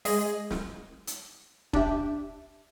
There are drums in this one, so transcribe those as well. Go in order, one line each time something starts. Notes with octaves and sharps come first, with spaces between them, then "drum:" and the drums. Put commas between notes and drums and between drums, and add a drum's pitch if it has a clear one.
G#3 G#4 D#5, drum: open hi-hat
drum: snare
drum: hi-hat
D4 G4 E5, drum: kick